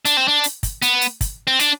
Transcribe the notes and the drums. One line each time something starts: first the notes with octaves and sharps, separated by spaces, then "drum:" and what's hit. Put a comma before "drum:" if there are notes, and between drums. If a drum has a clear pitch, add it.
D4, drum: hi-hat
C4
D4
drum: hi-hat
drum: kick, hi-hat
B3, drum: hi-hat
drum: hi-hat
drum: kick, hi-hat
C4
D4, drum: hi-hat